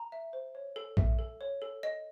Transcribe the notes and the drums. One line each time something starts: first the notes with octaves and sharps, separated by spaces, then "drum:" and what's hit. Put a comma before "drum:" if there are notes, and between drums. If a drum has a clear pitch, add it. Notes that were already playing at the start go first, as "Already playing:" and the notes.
Already playing: A#5
E5
C5
C#5
A4
E5, drum: kick A#1
A4
C#5
A4
D#5